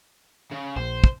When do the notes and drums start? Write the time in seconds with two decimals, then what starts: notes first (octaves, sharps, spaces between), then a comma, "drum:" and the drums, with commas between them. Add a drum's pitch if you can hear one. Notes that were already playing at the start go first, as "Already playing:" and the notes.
0.52 C#3
0.76 A#1 C5
1.04 drum: kick